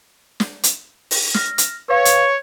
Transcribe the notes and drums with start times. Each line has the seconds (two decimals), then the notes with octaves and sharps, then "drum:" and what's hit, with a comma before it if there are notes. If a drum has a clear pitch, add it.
0.40 drum: snare
0.63 drum: hi-hat
1.11 drum: open hi-hat
1.34 F6 A#6, drum: snare
1.58 drum: hi-hat
1.88 B4 C#5 F5
2.05 drum: hi-hat